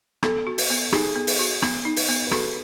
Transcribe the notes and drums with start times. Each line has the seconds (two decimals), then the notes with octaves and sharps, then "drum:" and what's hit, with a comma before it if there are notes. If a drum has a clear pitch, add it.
0.23 B3 A4, drum: rim click
0.47 F#4
0.58 drum: open hi-hat
0.70 B3
0.92 D#4 G#4, drum: rim click
1.16 B3
1.27 drum: open hi-hat
1.39 F#4
1.62 B3, drum: rim click
1.85 D#4
1.96 drum: open hi-hat
2.09 B3
2.27 B4
2.31 F#4 A4, drum: rim click